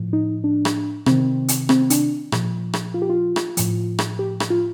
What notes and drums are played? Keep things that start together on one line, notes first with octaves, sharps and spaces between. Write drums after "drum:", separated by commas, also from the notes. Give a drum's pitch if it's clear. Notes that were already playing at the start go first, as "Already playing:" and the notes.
Already playing: A2 F3
D#4
D4
drum: rim click
C3 D#3 C4, drum: rim click
drum: hi-hat
C4, drum: rim click
D4, drum: hi-hat
A#2 F3, drum: rim click
drum: rim click
F4
G4
F4
drum: rim click
A2 F3, drum: hi-hat
drum: rim click
G4
drum: rim click
F4